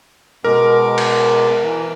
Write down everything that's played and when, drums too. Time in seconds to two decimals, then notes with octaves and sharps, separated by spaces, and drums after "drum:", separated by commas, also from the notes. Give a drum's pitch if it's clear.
0.44 B2 G#3 A#4 D6
0.98 drum: cymbal
1.63 E3